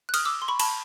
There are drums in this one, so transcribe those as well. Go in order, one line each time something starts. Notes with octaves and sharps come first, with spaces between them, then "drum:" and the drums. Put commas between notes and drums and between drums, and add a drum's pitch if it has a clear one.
F#6
D#6 F6, drum: cymbal
D6 E6
C6
B5 C#6
A5 B5, drum: cymbal